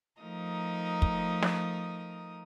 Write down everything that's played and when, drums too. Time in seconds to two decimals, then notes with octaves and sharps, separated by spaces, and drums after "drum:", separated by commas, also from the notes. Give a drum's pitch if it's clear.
0.21 F3 A3 D#4 A#4 D#6
1.02 drum: kick
1.42 drum: snare